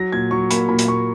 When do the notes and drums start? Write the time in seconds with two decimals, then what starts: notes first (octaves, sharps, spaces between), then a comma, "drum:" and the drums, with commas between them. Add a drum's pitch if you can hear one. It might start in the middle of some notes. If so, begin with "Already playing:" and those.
Already playing: F#3 A#6
0.12 A#2 G#6
0.31 F#3 C#6
0.51 A#3 B5, drum: hi-hat
0.69 A#2 B5
0.79 drum: hi-hat
0.88 A#2 C#6